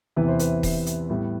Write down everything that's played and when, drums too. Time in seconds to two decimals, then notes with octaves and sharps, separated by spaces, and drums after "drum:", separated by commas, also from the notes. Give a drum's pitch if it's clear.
0.16 E2 C3 E3 B3 E4 B4
0.28 C5
0.39 B4, drum: hi-hat
0.63 drum: kick D#1, open hi-hat
0.86 drum: hi-hat
1.10 A2 G3 B3